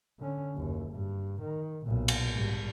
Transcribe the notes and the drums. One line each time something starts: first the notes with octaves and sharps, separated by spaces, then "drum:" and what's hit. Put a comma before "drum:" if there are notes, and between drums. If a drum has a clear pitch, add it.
D3 C#4
F#1 D#2
G2
D#3
B1 A#2
drum: cymbal
G#1 G3